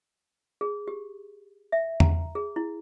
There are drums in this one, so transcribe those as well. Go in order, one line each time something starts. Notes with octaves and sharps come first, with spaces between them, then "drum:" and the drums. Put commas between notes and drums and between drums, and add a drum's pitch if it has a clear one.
G#4
G4
E5
A#5, drum: tom E2
G#4
E4